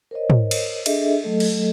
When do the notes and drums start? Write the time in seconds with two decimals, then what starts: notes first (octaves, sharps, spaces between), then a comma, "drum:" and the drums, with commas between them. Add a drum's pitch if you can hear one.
0.11 A#4 C5 C#5 D#5
0.30 drum: tom
0.51 drum: cymbal
0.86 D4 G#4 A4 D#5 E5, drum: cymbal
1.22 F#3 A3 A4 D#5
1.40 drum: cymbal